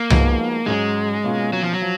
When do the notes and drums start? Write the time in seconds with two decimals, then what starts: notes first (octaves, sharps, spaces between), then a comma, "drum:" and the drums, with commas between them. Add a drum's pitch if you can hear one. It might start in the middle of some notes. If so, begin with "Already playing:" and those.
Already playing: A#3
0.10 F3 G#3 B3 D#4 F#4, drum: tom C2
0.66 G#2 F#3 G#3 C#4
1.24 B2 A#3 C#4 F4
1.53 F#3
1.63 F3
1.73 F#3
1.82 F3